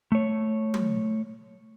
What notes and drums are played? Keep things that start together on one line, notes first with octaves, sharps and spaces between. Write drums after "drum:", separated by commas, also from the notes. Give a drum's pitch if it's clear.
A3 C#5
drum: tom F#3